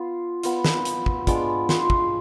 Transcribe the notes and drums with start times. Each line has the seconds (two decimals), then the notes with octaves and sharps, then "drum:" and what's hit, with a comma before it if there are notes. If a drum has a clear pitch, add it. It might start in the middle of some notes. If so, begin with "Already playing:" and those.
Already playing: B3 F4 C6
0.43 B3 F4, drum: hi-hat
0.64 drum: snare
0.85 drum: hi-hat
1.06 drum: kick
1.27 G#3 B3 D4 F4 D6, drum: kick, hi-hat
1.69 C6, drum: snare
1.90 drum: kick